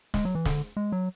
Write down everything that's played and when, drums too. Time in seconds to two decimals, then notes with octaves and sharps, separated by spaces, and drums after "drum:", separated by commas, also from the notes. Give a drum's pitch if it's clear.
0.14 G#3, drum: snare
0.25 F#3
0.35 E3
0.45 D3, drum: snare
0.77 G#3
0.92 F#3